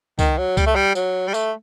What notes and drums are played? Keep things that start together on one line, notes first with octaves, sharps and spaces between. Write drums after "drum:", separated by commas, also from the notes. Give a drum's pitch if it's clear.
D#3, drum: kick C#2, tambourine
F#3
G3, drum: kick C#2, tambourine
A3
G3
F#3, drum: tambourine
G3
A3, drum: tambourine